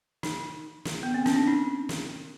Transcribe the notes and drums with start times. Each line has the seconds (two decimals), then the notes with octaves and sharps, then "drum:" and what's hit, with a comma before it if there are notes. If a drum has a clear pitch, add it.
0.23 D#4, drum: snare
0.85 drum: snare
1.03 B3
1.14 C4
1.26 C#4, drum: snare
1.36 D4
1.48 D#4
1.89 drum: snare